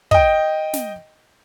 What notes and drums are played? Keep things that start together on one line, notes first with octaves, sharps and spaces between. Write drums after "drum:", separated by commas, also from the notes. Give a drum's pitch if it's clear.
D#5 G5, drum: kick
drum: snare